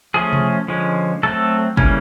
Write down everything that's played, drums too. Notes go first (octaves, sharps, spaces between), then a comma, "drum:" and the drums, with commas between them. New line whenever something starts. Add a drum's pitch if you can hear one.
F3 A3 C#4 G#4
drum: tom C3
D3 F3 G#3 C#4
F#3 A3 C4 A4
C#3 E3 G3 A#3 C#4, drum: kick